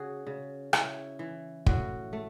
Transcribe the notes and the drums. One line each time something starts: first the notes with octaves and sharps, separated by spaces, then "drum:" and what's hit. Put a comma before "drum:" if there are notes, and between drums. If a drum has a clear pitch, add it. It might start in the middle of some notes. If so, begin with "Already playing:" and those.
Already playing: C#3 F#4 G#4
C#3
C#3 E4, drum: rim click
E3
A2 F#4, drum: kick
A3